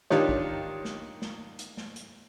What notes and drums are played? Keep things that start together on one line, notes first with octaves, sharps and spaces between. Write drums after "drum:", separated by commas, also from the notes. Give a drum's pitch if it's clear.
D#3 D4 D#4 F4 G4 C#5, drum: snare
drum: kick
drum: snare
drum: snare
drum: hi-hat
drum: snare
drum: hi-hat